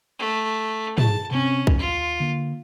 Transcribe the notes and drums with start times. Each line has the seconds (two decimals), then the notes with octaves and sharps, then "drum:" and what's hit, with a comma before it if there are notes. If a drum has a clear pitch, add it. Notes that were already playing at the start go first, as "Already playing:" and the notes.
0.19 A3
0.98 G#4 A5, drum: tom
1.31 C3 C4 C#4
1.67 drum: kick
1.79 D#2 F4
2.20 D3 A#3